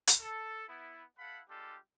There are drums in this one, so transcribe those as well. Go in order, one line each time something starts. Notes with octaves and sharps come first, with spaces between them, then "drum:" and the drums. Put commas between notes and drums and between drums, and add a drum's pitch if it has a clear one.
drum: hi-hat
A4
B3 E4
E4 A4 F5 F#5 B5
G3 G#3 D4 F4 G4 A4